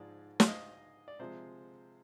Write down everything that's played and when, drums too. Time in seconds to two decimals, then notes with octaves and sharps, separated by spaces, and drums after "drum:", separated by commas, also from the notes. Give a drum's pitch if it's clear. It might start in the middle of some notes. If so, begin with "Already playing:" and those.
Already playing: G#2 F3 G#3 D5
0.40 F5, drum: snare
0.48 D#5
1.08 D5
1.19 C3 F3 G#3 C5